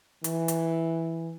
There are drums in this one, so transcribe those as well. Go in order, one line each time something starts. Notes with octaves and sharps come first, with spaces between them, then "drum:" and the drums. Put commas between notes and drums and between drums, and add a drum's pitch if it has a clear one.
E3, drum: hi-hat
drum: hi-hat